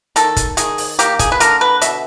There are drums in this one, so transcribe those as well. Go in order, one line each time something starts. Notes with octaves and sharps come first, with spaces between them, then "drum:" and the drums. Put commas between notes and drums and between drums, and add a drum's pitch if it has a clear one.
D#3 A4, drum: hi-hat
drum: kick, hi-hat
D#3 G#4, drum: hi-hat
drum: open hi-hat
A#3 G4, drum: hi-hat
G#4, drum: kick, hi-hat
B4
D3 A#4, drum: hi-hat
B4
B2 E5, drum: hi-hat